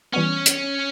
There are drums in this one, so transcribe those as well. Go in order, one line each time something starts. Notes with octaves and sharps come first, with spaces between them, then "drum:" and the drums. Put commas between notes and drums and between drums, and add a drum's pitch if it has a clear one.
E3 G3 B3 C#4
drum: hi-hat